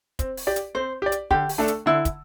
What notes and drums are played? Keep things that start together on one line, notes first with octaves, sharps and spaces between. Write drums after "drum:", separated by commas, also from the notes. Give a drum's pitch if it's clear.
C4, drum: kick, hi-hat
drum: open hi-hat
G4 D5
drum: hi-hat
C4 C5
G4 D5
drum: hi-hat
D3 G4, drum: kick
drum: open hi-hat
A3 D4 A4
drum: hi-hat
D3 E4
drum: kick, hi-hat